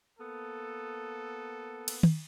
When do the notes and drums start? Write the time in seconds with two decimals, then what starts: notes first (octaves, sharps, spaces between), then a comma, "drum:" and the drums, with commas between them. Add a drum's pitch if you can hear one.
0.19 A#3 B3 A4
1.88 drum: cymbal
2.03 drum: tom